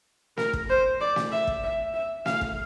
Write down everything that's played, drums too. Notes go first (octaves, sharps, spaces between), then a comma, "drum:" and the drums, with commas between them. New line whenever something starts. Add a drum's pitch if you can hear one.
A#4, drum: snare
drum: kick
C5
D5
drum: snare
E5
drum: kick
E5
E5
F5, drum: snare
drum: kick